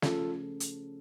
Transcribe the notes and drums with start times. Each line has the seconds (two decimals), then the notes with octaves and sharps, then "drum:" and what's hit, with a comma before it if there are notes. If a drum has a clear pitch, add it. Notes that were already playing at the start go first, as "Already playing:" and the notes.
0.02 C#3 F3 A3 C#4 F4 A4, drum: snare
0.60 drum: hi-hat